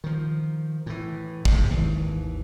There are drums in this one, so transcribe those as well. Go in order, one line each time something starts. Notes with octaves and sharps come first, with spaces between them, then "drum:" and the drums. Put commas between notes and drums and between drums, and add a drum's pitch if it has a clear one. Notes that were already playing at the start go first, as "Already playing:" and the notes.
D#3 F3
A2 E3
G#2 C3, drum: kick
G#1 D#2 E3